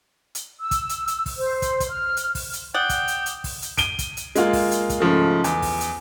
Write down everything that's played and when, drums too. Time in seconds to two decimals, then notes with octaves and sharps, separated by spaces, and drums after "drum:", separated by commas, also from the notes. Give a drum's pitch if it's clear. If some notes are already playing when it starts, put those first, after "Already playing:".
0.35 drum: hi-hat
0.61 E6
0.71 drum: kick, hi-hat
0.89 drum: hi-hat
1.08 drum: hi-hat
1.26 drum: kick, open hi-hat
1.37 C5
1.62 drum: kick, hi-hat
1.80 drum: kick, hi-hat
1.90 F6
2.17 drum: hi-hat
2.35 drum: kick, open hi-hat
2.53 drum: hi-hat
2.74 D5 F#5 G5 D6 D#6 G7
2.89 drum: kick, hi-hat
3.08 drum: hi-hat
3.26 drum: hi-hat
3.44 drum: kick, open hi-hat
3.62 drum: hi-hat
3.77 D7 D#7 G7, drum: kick, hi-hat
3.99 drum: kick, hi-hat
4.17 drum: hi-hat
4.35 G#3 A#3 F4, drum: hi-hat
4.53 drum: kick, open hi-hat
4.71 drum: hi-hat
4.90 drum: kick, hi-hat
5.00 G#2 C#3 F3 A3
5.44 E2, drum: hi-hat
5.62 drum: kick, open hi-hat
5.80 drum: hi-hat